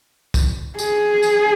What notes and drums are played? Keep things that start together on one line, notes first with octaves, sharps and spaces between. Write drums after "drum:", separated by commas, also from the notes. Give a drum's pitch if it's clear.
drum: kick, tambourine
G#4, drum: tambourine
drum: tambourine